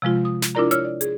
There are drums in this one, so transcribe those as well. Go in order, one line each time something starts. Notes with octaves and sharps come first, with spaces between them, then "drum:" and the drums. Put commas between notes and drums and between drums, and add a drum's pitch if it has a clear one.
C3 F3 G#3 F4
D#6
drum: snare
D4 E4 F4 A#4 D5 A#5
C#5 E6 F6, drum: hi-hat
D5
G#4, drum: hi-hat